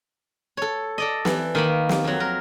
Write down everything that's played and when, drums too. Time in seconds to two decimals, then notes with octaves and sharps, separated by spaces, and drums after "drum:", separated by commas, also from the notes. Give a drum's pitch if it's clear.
0.57 A4 C#5
0.98 A4 D5 D#5
1.25 E3, drum: snare
1.55 D#3 A#3 B5
1.89 drum: snare
2.04 F2 F#3
2.20 A#4